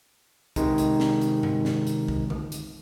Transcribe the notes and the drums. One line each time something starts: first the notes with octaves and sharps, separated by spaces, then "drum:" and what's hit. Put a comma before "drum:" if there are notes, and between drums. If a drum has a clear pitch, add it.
C3 D#3 G#3 D#4, drum: kick, hi-hat
drum: hi-hat
drum: snare
drum: hi-hat
drum: tom G2
drum: snare
drum: hi-hat
drum: kick
drum: tom D3
drum: hi-hat